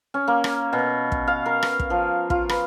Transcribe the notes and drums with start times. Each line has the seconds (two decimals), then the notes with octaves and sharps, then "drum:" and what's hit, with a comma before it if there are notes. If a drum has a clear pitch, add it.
0.14 C#4
0.28 A#3
0.44 drum: rim click
0.73 B2
1.12 drum: kick
1.27 F5
1.46 A#4
1.63 drum: rim click
1.79 drum: kick
1.90 F3
2.30 F4, drum: kick
2.49 B4, drum: rim click